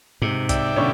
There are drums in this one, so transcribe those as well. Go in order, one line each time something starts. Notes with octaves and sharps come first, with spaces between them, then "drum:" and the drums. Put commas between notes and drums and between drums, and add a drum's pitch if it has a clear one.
G#2 C3
D5 E5 G5, drum: kick, hi-hat
B2 D3 C#4